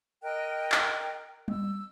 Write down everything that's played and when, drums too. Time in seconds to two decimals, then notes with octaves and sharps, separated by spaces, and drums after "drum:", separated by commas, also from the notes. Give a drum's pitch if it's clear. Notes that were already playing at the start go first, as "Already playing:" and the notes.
0.23 A#4 D#5 G5 F#6
0.72 drum: clap
1.48 E6, drum: tom G3